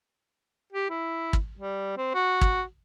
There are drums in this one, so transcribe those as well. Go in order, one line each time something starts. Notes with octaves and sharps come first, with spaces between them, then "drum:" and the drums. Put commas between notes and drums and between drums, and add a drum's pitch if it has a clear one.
G4
E4
drum: kick
G3
C4
F#4
drum: kick